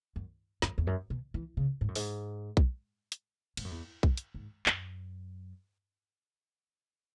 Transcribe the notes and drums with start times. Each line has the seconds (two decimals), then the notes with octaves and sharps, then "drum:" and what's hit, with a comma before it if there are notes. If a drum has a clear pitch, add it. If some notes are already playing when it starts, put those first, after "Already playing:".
0.16 F#2
0.62 F#2, drum: snare
0.78 E2
0.87 F#2
1.10 B2
1.34 E3
1.57 C#3
1.81 G#2
1.88 F#2
1.95 G#2, drum: open hi-hat
2.57 drum: kick B1
3.12 drum: hi-hat
3.57 G#2, drum: cymbal
3.65 F#2
3.71 E2
4.03 F#2, drum: kick B1
4.17 drum: hi-hat
4.34 G#2
4.66 F#2, drum: clap